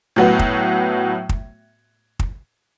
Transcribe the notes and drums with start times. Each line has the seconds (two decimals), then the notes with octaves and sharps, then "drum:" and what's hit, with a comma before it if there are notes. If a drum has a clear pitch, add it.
0.16 A2 F#3 B3 F#4
0.39 drum: kick
1.29 drum: kick
2.19 drum: kick